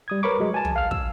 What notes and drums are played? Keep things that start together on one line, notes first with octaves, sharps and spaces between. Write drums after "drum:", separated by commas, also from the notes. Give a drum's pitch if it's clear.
G3 D#6 G#6
A#4 B4 C#5 B5 C#6 D6
F#3 G#3
G#5 A5
drum: tom
F5 F6
E6, drum: kick